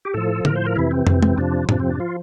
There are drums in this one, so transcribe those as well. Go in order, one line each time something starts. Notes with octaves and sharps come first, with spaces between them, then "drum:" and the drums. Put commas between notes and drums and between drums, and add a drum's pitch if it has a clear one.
G4
A2 F3 A4
A2 F3 A#4, drum: tom D3
C5
A#4
F2 C3 E3 E4
C4
F2 C3 E3, drum: tom
drum: tom
F2 C3 F3 D4
F2 C3 F3 D4, drum: tom
C4
D4
F3 F4